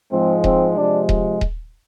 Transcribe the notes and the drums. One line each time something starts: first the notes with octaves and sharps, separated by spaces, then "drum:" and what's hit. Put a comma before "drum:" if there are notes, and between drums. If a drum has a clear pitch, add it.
G#2 F3 G#3 C4
C4, drum: kick D#1
C3 F3 G#3 D4
drum: kick D#1
drum: kick D#1